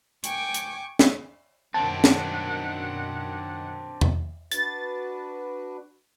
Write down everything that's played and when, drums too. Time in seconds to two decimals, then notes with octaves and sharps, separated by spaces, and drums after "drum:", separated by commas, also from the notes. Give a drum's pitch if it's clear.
0.24 G5 G#5 C#6 D6, drum: hi-hat
0.54 drum: hi-hat
0.99 drum: snare
1.74 F#2 B2 D#3 C4 D4 F#5 A5
2.04 drum: snare
4.01 drum: tom E2
4.51 D4 F#4 B4 A6, drum: hi-hat